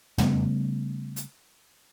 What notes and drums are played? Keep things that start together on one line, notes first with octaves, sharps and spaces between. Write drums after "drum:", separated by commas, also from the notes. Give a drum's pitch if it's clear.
C#3 G3 A3 B3, drum: tom
drum: hi-hat